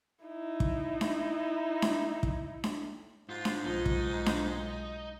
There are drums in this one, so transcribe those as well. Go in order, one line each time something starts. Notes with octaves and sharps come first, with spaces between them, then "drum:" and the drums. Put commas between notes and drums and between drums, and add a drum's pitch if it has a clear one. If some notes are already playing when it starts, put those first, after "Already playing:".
D#4 E4
drum: kick
drum: snare D4
drum: snare D4
drum: kick
drum: snare D4
G#2 F4
drum: snare D4
B1 F3 G#3 D#4
drum: kick
drum: snare D4